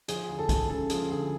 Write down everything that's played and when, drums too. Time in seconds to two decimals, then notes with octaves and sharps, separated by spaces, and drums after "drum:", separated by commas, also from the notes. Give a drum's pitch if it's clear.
0.08 F3 G#4, drum: hi-hat
0.29 D2
0.39 A4
0.49 G#3, drum: kick, hi-hat
0.69 C#3 A4
0.90 F3 G#4, drum: hi-hat
1.10 D2 G#4